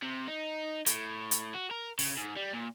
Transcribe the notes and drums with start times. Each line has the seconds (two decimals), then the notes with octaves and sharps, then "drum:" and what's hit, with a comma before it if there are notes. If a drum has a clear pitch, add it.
0.02 C3
0.28 D#4
0.86 A2, drum: hi-hat
1.31 drum: hi-hat
1.54 F#4
1.71 A#4
1.99 C#3, drum: open hi-hat
2.17 G#2
2.37 G3
2.53 A#2